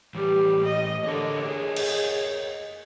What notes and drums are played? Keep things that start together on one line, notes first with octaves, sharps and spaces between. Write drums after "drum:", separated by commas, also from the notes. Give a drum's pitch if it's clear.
A2 E3 G3
D#5
D3 A#4 C#5 D#5
G#4
drum: cymbal